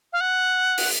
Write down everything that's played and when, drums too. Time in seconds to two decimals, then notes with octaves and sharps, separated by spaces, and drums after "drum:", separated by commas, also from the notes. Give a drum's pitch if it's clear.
0.13 F5
0.20 F#5
0.78 drum: open hi-hat